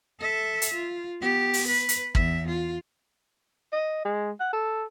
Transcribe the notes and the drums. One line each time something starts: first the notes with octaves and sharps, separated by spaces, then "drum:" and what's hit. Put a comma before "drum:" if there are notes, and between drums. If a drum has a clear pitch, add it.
A4 E5
drum: hi-hat
F4
B3 G4
drum: open hi-hat
B4
drum: hi-hat
E2 E5, drum: kick
F4
D#5
G#3
F#5
A4